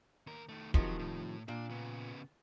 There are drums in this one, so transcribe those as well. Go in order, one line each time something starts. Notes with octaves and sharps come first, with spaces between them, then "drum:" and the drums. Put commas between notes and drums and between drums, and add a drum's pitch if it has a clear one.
D#2 A#4
D#3 A3
C3 D#3 F3 F#3, drum: kick
A2
A#2 D4
C#3 B3